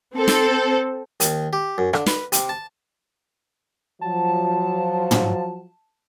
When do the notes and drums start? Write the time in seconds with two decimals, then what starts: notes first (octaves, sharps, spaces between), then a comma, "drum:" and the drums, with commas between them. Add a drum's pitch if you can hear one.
0.16 C4 A4
0.28 drum: snare
1.20 D#2, drum: hi-hat
1.53 G4
1.78 F#2
1.93 D3, drum: rim click
2.06 B4, drum: snare
2.32 C3, drum: hi-hat
2.49 A5
4.01 F3 F#3 A5
5.11 drum: tom